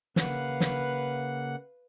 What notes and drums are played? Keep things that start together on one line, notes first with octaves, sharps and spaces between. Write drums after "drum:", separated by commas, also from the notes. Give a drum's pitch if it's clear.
C#3 A#3 B4 F5 F#5, drum: snare
drum: snare